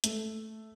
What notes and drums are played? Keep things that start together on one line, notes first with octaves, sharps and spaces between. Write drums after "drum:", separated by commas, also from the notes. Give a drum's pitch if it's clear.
A3, drum: hi-hat